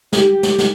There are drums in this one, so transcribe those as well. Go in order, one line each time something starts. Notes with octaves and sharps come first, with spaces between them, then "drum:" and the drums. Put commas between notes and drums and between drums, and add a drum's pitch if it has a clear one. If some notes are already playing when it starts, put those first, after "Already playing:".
G4, drum: snare
drum: snare
drum: snare